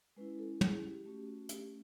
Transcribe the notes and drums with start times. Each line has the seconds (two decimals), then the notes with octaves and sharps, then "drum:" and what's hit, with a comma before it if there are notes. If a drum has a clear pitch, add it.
0.16 G#3 C#4 E4 B4
0.39 A4
0.61 G#4, drum: tom
0.83 G4
1.05 A3 C#4 F#4 G4
1.27 F#4
1.49 G4, drum: hi-hat